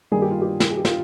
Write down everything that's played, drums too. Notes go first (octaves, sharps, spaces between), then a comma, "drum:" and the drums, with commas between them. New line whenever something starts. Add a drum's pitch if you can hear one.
G2 D#3 G3 A#3 G#4
G4
F4
G4
drum: snare
G#4
G4
F4, drum: snare